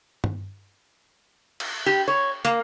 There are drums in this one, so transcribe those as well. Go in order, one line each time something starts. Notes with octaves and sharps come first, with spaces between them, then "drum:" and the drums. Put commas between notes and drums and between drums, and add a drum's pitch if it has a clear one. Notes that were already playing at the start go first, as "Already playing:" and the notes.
drum: tom G2
drum: cymbal
G4
C#5
A#3, drum: hi-hat